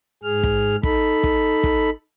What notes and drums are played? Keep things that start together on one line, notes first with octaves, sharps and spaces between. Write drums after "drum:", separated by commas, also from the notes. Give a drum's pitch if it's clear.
G#2 G#4 F6
drum: kick
D#4 A4 B5, drum: kick
drum: kick
drum: kick